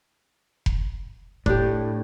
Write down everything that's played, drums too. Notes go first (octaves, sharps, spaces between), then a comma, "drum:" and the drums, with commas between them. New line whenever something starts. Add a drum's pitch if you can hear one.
drum: kick F1
A2 D4 G4, drum: kick F1